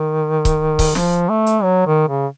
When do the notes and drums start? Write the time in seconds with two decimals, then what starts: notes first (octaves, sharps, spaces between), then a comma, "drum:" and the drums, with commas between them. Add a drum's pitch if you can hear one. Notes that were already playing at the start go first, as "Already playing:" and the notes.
Already playing: D#3
0.45 drum: kick C#1, hi-hat
0.79 drum: kick C#1, open hi-hat
0.95 F3, drum: snare
1.29 A3
1.46 drum: hi-hat
1.63 F#3
1.87 D#3
2.08 C#3